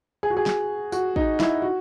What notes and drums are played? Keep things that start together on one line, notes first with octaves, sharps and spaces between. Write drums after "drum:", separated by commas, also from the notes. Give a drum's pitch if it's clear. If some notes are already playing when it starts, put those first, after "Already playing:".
G#4
F#4
G#4
drum: snare
F#4, drum: tambourine
D#4, drum: kick
E4, drum: snare
F#4